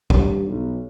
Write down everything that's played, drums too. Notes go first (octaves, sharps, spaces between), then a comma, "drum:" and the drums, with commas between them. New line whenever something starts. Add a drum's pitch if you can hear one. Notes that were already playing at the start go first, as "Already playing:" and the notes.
G2, drum: kick
B1